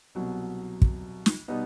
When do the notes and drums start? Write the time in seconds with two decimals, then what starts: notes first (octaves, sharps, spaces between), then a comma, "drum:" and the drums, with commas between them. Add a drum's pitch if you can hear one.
0.15 C2 B2 F#3
0.82 drum: kick
1.26 drum: snare
1.48 B2 G3 B3 D#4